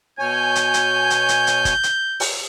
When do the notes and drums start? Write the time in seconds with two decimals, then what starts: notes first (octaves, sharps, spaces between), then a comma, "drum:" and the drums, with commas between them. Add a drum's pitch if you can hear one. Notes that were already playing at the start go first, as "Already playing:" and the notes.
0.19 B2 C#5 G#5 G6
0.55 drum: hi-hat
0.74 drum: hi-hat
1.10 drum: hi-hat
1.29 drum: hi-hat
1.47 drum: hi-hat
1.65 drum: kick G1, hi-hat
1.83 drum: hi-hat
2.20 drum: open hi-hat